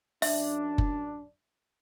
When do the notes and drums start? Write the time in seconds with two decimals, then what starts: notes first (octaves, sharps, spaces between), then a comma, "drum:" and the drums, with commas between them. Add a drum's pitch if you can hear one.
0.22 F#2 D4 E5, drum: open hi-hat
0.78 drum: kick F#1